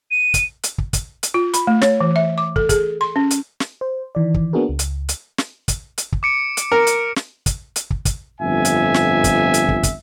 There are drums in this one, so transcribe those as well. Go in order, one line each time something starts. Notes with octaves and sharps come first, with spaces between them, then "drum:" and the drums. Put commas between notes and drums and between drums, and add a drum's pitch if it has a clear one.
D#7
drum: kick, hi-hat
drum: hi-hat
drum: kick
drum: kick, hi-hat
drum: hi-hat
F4
B5, drum: hi-hat
A3
C#5, drum: snare
E3
E5
D6
A4, drum: kick
G#4, drum: kick, hi-hat
C6
C#4
drum: hi-hat
drum: snare
C5
D#3 E3 D5
drum: kick
A#3 B3 D4 F#4 G#4 A#4
C#2
drum: hi-hat
drum: hi-hat
drum: snare
drum: kick, hi-hat
drum: hi-hat
drum: kick
D6 C#7 D7
drum: hi-hat
A#4
drum: hi-hat
drum: snare
drum: kick, hi-hat
drum: hi-hat
drum: kick
drum: kick, hi-hat
G1 F2 E5 G#5
drum: hi-hat
drum: snare
drum: kick, hi-hat
drum: hi-hat
drum: kick
drum: kick, hi-hat